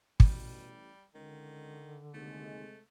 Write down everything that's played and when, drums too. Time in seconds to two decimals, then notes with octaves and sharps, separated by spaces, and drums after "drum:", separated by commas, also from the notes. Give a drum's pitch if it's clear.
0.20 A1 B2 G3, drum: kick
1.15 C#2 D3 D#3
2.14 D#2 C3 G#3 A3